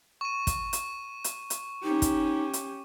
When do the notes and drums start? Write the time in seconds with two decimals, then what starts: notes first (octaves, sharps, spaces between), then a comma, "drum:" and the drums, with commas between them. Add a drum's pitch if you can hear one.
0.21 C#6 D#7
0.47 drum: kick, hi-hat
0.73 drum: hi-hat
1.24 drum: hi-hat
1.50 drum: hi-hat
1.83 C#4 D#4 G4
2.02 drum: kick, hi-hat
2.53 drum: hi-hat